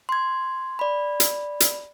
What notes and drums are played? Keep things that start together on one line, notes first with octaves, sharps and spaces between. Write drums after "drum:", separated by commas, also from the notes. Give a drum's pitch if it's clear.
C6 G#6
D5 B5
drum: hi-hat
drum: hi-hat